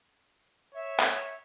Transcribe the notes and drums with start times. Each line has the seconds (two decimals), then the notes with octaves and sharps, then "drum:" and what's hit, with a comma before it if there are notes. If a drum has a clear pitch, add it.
0.74 C#5 E5
1.00 drum: clap